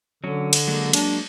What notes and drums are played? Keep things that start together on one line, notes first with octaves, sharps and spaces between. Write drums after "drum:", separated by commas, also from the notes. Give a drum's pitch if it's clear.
D3 F#3 C#4
drum: cymbal
F#3 G#3 A#3
D4, drum: cymbal